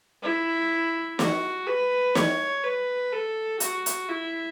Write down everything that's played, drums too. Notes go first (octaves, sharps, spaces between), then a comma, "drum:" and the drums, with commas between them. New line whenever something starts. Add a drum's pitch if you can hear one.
E4
F#4, drum: snare
B4
C#5, drum: snare
B4
A4
F#4, drum: hi-hat
drum: hi-hat
E4